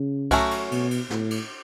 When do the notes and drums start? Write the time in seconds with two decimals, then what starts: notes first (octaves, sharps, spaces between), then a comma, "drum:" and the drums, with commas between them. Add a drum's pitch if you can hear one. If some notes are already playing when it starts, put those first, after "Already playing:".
Already playing: C#3
0.31 F#3 A3 C#4 F#4, drum: kick C2, cymbal
0.51 drum: cymbal
0.71 B2, drum: cymbal
0.91 drum: cymbal
1.10 A2, drum: snare
1.31 drum: cymbal